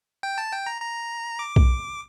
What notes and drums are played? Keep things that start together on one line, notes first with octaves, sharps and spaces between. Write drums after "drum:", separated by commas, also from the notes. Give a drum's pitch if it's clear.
G5
A5
G5
A#5
A#5
D6
drum: kick B1